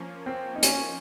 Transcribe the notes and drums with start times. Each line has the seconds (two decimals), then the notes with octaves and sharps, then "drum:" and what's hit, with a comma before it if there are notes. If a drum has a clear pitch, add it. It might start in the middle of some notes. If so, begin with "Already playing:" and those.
Already playing: F3 A#3 C#4
0.26 C4
0.55 D#4
0.63 C#4, drum: hi-hat